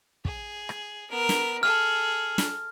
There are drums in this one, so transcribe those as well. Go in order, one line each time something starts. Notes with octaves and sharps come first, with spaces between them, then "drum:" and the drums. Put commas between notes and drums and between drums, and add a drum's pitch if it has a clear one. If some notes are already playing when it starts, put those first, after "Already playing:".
G#4, drum: kick
drum: rim click
B3 A#4
drum: snare
G#4 A4 F6
drum: snare